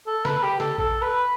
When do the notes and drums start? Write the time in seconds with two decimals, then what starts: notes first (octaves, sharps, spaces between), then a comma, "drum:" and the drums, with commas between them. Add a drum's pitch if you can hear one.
0.07 A4
0.25 B4, drum: snare
0.43 G4
0.60 A4, drum: snare
0.78 A4, drum: kick
1.02 B4